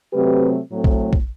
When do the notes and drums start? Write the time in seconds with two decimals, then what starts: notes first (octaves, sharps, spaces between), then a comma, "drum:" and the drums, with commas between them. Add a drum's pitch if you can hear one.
0.13 C3 F#3 A3 C4 G4 B4
0.71 A2 F#3 A3 C4
0.84 drum: kick
1.13 drum: kick